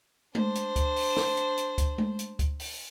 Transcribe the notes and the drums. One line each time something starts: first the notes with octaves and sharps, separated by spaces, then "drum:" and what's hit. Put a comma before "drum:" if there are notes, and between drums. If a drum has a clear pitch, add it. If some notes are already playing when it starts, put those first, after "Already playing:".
D4 C5, drum: tom G#3
drum: hi-hat
drum: kick D2, hi-hat
drum: open hi-hat
drum: snare
drum: hi-hat
drum: hi-hat
drum: kick D2, hi-hat
drum: tom G#3
drum: hi-hat
drum: kick D2, hi-hat
drum: open hi-hat